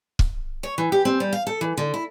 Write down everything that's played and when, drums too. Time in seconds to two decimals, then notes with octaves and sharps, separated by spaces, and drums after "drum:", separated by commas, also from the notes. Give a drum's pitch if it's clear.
0.19 drum: kick
0.63 C#5
0.78 E3
0.92 G4
1.05 C4
1.20 G3
1.33 F5
1.47 A4
1.61 E3
1.77 D3
1.94 E4